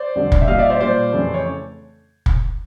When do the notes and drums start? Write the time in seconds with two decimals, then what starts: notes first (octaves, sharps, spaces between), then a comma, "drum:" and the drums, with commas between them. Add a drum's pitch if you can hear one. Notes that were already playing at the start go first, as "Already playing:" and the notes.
Already playing: C5 D5
0.15 F2 D3 G3
0.32 drum: kick
0.41 E5
0.47 A#2 G3 D#5 F5
0.58 D5 E5
0.70 C5 D5
0.80 A#2 G3 C5 D5
1.13 F2 C#3 E3 A3
1.34 C#5
2.26 drum: kick